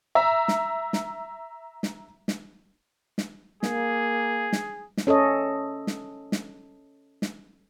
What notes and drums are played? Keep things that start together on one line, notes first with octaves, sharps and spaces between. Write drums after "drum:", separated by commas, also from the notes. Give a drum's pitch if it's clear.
E5 A#5
drum: snare
drum: snare
drum: snare
drum: snare
drum: snare
A#3 G#4, drum: snare
drum: snare
drum: snare
C#4 A4 C#5 D#5
drum: snare
drum: snare
drum: snare